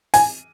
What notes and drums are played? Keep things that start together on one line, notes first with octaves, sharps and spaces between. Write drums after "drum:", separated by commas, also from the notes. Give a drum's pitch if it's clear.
G#5, drum: open hi-hat